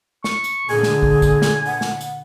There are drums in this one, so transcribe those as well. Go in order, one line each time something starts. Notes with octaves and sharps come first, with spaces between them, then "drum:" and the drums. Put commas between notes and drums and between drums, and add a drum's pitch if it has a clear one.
C#6, drum: snare
drum: hi-hat
A#2 D3 G#4 G#5
drum: snare
drum: kick
drum: kick, hi-hat
drum: snare
F#5
drum: snare
drum: hi-hat